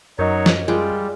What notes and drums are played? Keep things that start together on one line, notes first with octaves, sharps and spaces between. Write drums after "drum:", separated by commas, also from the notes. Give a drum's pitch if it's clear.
F#2 F#3 D#4 A#4 C#5 D#5
drum: snare
G3 G#3 F4 G5